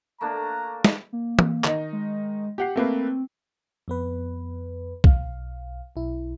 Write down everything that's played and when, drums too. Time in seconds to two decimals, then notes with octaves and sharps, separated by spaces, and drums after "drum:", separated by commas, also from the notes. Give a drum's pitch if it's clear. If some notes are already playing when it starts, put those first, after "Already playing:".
0.21 A3 A#3 D4 A#5
0.85 drum: snare
1.13 A#3
1.39 drum: tom
1.64 D#3 D#4, drum: clap
1.92 G#3
2.58 G4 F#5 C7
2.76 A3 A#3 C4 B4
3.88 F2 B3 B4
5.04 B1 F5, drum: kick
5.96 B1 E4